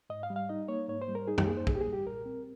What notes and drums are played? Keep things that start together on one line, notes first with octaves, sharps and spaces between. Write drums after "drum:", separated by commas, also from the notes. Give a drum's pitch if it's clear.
G#2 D#5
F5
G3
F5
D#4 D#5
A#3 C#5
G#2 C#5
C5
G3
A#4
D#4 G#4
G4, drum: tom
A#3 G#4
C5
A#2 G#4, drum: kick
G4
G#4
G3
G4
A#2 A#4
C4